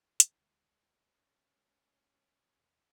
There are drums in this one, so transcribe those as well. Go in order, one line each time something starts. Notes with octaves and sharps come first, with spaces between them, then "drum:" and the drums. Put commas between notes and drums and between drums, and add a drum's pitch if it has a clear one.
E3, drum: hi-hat
D2 D3 G#3
C#4
G#3
D#2 B2